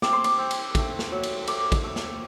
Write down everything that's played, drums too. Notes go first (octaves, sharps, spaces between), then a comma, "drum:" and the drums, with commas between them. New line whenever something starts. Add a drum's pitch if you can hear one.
C4 D6, drum: snare
C6
D6, drum: cymbal
C4
drum: cymbal
A3, drum: kick, cymbal
drum: snare
F#3
drum: cymbal
A3 D6, drum: cymbal
drum: kick, cymbal
A3
drum: snare